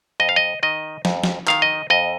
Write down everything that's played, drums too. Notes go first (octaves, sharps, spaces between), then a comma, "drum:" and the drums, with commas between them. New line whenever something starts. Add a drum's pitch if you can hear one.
F2 D#5
F5
D#5
D#3 D#5
F2, drum: snare
drum: snare
D#3 F5, drum: clap
D#5
F2 D#5